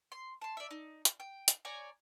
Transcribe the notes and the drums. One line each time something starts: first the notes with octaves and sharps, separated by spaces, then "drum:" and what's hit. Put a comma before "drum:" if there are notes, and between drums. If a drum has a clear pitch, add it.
C6
A5 C6
D5 E5
D#4
drum: hi-hat
G5
drum: hi-hat
C#5 D5 G#5 A#5